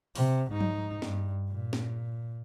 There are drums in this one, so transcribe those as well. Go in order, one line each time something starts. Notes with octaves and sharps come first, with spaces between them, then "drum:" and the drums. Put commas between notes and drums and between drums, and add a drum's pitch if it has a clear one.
C3, drum: open hi-hat
G#2 D#4
drum: tom F3
G2, drum: snare
A#2
drum: snare